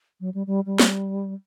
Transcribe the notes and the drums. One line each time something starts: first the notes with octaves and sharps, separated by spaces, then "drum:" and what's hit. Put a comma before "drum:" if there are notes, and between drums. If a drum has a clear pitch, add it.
F#3
G3
G3
G3
drum: snare